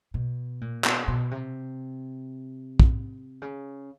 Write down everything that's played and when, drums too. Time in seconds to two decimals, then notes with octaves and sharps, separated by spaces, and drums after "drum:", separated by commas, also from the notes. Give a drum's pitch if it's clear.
0.14 B2
0.61 A#2
0.84 B2, drum: clap
1.08 B2
1.31 C3
2.80 drum: kick
3.42 C#3